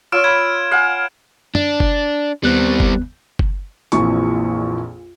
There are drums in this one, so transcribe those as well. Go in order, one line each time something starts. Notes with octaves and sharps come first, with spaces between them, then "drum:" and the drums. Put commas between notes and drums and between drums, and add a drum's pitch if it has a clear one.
F4 C#5 E6 F6 D7 E7
B5 G#6
F5 F#5 G#5
D4, drum: tom
drum: kick F#1
D#2 G3 B3 C4 F#6
drum: kick F#1
drum: kick F#1
A#1 F2 A#2 E3 C#6, drum: hi-hat